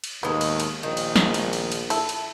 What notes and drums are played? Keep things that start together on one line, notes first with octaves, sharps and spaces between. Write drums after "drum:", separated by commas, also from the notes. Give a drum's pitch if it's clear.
drum: cymbal
D#2 A2 G#3 B3
drum: cymbal
drum: cymbal
A#1 D#3
drum: cymbal
drum: snare
drum: cymbal
drum: cymbal
drum: cymbal
E4 A4, drum: cymbal
drum: cymbal